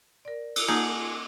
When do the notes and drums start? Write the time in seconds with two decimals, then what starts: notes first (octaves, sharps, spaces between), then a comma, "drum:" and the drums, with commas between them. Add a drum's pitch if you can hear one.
0.25 A#4 D5
0.56 drum: cymbal
0.68 A#3 D#4 F4 G#4 F#5 A5